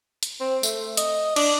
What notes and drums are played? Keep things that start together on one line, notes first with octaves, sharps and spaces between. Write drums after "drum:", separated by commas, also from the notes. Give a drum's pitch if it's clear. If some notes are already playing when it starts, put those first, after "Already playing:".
drum: hi-hat
C4
A3, drum: tambourine
D#5, drum: hi-hat
D4, drum: cymbal